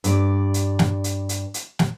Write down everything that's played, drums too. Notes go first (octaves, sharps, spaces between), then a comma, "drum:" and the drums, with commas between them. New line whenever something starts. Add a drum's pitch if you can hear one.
G2 D5, drum: hi-hat
drum: hi-hat
drum: snare
drum: hi-hat
drum: hi-hat
drum: hi-hat
drum: snare